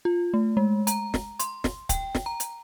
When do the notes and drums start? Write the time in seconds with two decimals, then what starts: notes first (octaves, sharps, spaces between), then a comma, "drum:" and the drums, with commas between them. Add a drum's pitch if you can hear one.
0.05 F4
0.34 A3
0.57 G#3
0.87 A#5, drum: hi-hat
1.14 drum: snare
1.39 C6, drum: hi-hat
1.64 drum: snare
1.89 G5, drum: kick, hi-hat
2.15 drum: snare
2.26 A#5
2.40 drum: hi-hat